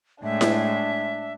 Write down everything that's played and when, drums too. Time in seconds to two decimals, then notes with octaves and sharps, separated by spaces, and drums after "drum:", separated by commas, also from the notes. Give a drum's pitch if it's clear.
0.24 A2 G#3 D4 E5
0.41 drum: snare E4